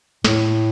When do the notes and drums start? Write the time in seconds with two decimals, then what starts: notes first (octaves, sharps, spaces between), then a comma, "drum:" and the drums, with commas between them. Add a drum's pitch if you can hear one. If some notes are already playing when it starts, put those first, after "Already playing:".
0.24 A2, drum: snare